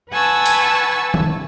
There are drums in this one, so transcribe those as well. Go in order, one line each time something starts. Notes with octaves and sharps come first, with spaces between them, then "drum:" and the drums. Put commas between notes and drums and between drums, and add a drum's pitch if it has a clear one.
B4 F#5 G#5 A5 C#6 E6
drum: hi-hat
drum: tom D#3